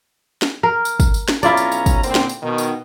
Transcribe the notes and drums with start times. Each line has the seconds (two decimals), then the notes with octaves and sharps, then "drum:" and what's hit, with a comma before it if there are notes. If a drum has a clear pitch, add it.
0.42 drum: snare
0.63 A#4
0.85 drum: tambourine
1.00 drum: kick, tambourine
1.14 drum: tambourine
1.28 drum: snare
1.43 B1 C#4 E4 F4 D5 A#5, drum: tambourine
1.57 drum: tambourine
1.72 drum: tambourine
1.86 drum: kick, tambourine
2.03 A#2 D3 C4, drum: tambourine
2.15 drum: snare
2.29 drum: tambourine
2.41 B2 D#3
2.58 drum: tambourine